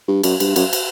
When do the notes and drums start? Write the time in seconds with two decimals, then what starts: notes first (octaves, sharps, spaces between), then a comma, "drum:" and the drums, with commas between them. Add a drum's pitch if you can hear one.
0.08 G2
0.23 F#2, drum: cymbal
0.40 G2, drum: cymbal
0.56 F#2, drum: cymbal
0.73 drum: cymbal